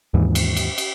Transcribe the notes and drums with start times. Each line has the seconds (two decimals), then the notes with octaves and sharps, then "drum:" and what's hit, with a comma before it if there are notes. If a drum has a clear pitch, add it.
0.14 D#2 G#2 E3
0.35 drum: cymbal
0.56 drum: cymbal
0.78 drum: cymbal